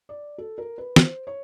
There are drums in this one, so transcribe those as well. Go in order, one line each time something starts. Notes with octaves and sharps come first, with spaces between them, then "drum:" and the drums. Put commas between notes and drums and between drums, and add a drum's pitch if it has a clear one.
D5
A4
A#4
B4
C5, drum: snare
C#5